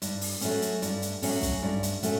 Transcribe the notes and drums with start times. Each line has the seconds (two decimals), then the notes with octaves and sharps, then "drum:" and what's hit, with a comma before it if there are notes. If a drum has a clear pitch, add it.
0.02 G2, drum: hi-hat
0.21 drum: open hi-hat
0.41 F#3 A3 C#4, drum: hi-hat
0.62 drum: hi-hat
0.82 G2, drum: hi-hat
1.02 drum: hi-hat
1.22 F#3 A3 C#4, drum: open hi-hat
1.43 drum: kick, hi-hat
1.63 G2
1.83 drum: hi-hat
2.03 F#3 A3 C#4, drum: hi-hat